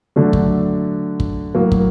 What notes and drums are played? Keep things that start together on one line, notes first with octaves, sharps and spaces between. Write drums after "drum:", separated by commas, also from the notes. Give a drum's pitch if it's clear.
D3 F#3 A3 D4
drum: kick
drum: kick
A2 F#3 A#3
drum: kick